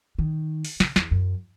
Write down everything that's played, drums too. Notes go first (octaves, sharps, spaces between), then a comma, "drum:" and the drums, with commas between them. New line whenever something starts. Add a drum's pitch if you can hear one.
D#3
drum: open hi-hat
C#3, drum: snare
E2, drum: snare
F#2